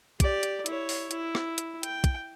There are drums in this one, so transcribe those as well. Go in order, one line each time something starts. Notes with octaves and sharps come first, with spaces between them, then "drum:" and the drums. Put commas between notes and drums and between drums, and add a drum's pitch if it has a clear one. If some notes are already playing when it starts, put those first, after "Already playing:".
G4 D5, drum: kick, hi-hat
drum: hi-hat
E4 C#5, drum: hi-hat
drum: open hi-hat
E4, drum: hi-hat
drum: rim click
drum: hi-hat
G5, drum: hi-hat
drum: kick, hi-hat